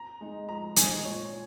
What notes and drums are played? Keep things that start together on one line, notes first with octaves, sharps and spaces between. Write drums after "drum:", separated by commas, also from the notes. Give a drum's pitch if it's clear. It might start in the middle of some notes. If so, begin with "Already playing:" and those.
Already playing: A#5
G#3 D#4
F3 A#5
G#3 D#4 G#5, drum: hi-hat
A#2 C#5